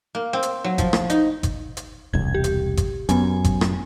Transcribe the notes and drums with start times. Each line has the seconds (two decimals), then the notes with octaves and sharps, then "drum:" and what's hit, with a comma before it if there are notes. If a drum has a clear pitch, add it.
0.15 A#3
0.33 C4
0.43 drum: hi-hat
0.64 F#3
0.78 F3, drum: kick G1, hi-hat
0.93 drum: rim click
1.10 D#4, drum: hi-hat
1.43 drum: kick G1, hi-hat
1.77 drum: hi-hat
2.13 E1 C2 G#6
2.35 G4
2.44 drum: hi-hat
2.77 drum: kick G1, hi-hat
3.09 F#2 B3 G#5, drum: hi-hat
3.44 drum: kick G1, hi-hat
3.61 drum: rim click